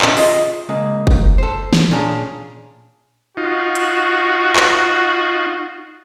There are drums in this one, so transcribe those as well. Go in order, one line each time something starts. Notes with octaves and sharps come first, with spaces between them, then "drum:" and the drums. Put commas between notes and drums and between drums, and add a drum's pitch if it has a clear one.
A#2 D3 D#3 C#4 E4, drum: clap
F4 G#4 D#5 E5 C6, drum: open hi-hat
C#3 G#3 A#3
drum: kick F#1
A4 C5
drum: snare
A#2 C#4 D4 G#4 A#5
D#4 F4 F#4
drum: hi-hat
drum: clap